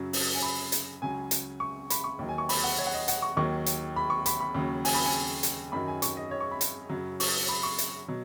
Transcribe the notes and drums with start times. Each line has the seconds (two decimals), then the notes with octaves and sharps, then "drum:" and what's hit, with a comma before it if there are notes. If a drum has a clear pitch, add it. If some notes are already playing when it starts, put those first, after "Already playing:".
Already playing: F#2 C#3 F#3
0.13 drum: open hi-hat
0.35 G#5
0.42 B5
0.72 drum: hi-hat
1.02 C#2 C#3 F#3 G#5
1.31 drum: hi-hat
1.60 C#6
1.90 B5, drum: hi-hat
2.04 C#6
2.19 D#2 D#3 F#3
2.29 G#5
2.38 C#6
2.49 B5, drum: open hi-hat
2.63 F#5
2.78 C#5
2.86 F#5
2.93 D#5
3.08 F#5, drum: hi-hat
3.22 C#6
3.37 D#2 D#3 F#3 C#6
3.66 drum: hi-hat
3.96 B5
4.10 C#6
4.26 B5, drum: hi-hat
4.41 B5
4.55 D#2 C#3 F#3
4.85 G#5, drum: open hi-hat
4.95 B5
5.05 G#5
5.43 drum: hi-hat
5.72 F#2 D#3 F#3 B5
5.88 G#5
6.02 C#6, drum: hi-hat
6.17 D#5
6.31 C#5
6.40 C#6
6.51 B5
6.61 drum: hi-hat
6.90 F#2 C#3 F#3
7.20 C#6, drum: open hi-hat
7.49 B5
7.63 C#6
7.78 drum: hi-hat
8.08 B2 F#3